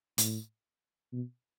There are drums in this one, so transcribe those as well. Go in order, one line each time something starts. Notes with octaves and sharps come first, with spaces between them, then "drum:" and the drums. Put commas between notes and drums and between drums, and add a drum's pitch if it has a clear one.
A2, drum: hi-hat
B2